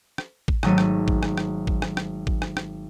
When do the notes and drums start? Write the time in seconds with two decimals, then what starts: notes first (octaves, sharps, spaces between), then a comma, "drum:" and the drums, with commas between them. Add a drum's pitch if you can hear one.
0.18 drum: rim click
0.48 drum: kick
0.63 G#1 F#3 A3 D#7, drum: rim click
0.78 drum: rim click
1.08 drum: kick
1.23 drum: rim click
1.38 drum: rim click
1.67 drum: kick
1.82 drum: rim click
1.97 drum: rim click
2.27 drum: kick
2.42 drum: rim click
2.57 drum: rim click